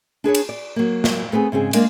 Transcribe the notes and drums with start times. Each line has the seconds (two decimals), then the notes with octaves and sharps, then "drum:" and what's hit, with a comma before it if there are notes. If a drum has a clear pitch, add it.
0.24 D4 G#4 B4 C#5
0.35 drum: cymbal
0.49 D5
0.76 F#3 A#3
1.04 drum: snare
1.32 A3 B3 C4 G#4
1.52 G#2 C#3 C4 G#4
1.73 G#3 A#3 D4 A#4 D5 F5, drum: cymbal